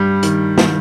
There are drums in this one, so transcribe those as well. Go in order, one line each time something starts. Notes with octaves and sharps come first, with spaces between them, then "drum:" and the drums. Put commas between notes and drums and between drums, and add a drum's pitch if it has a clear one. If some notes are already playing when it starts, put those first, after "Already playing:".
Already playing: G2 G3
D#3, drum: hi-hat
D#3, drum: snare